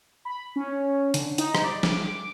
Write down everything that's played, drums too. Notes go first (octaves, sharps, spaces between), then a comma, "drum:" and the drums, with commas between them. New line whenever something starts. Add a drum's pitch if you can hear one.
B5
C#4
D3, drum: hi-hat
D#4, drum: hi-hat
drum: rim click
D5
D6, drum: snare